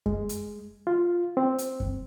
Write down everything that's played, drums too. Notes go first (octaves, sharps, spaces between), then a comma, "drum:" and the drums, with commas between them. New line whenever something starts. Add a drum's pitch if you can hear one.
G#3, drum: kick F#2
drum: hi-hat
F4
C4
drum: hi-hat
drum: kick F#2